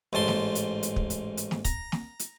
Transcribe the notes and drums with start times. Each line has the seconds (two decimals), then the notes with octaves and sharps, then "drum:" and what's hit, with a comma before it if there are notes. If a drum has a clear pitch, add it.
0.13 A1 G#2 A5 C6
0.28 drum: snare
0.55 drum: hi-hat
0.83 drum: hi-hat
0.96 drum: kick
1.10 drum: hi-hat
1.37 drum: hi-hat
1.51 drum: snare
1.65 A#5, drum: kick, hi-hat
1.92 drum: snare
2.19 drum: hi-hat